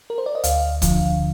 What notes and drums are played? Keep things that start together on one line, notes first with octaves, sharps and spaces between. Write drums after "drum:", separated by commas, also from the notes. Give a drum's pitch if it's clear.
A#4
C5
D5
D#5
D2 F5, drum: hi-hat
D3 F3, drum: kick C#1, hi-hat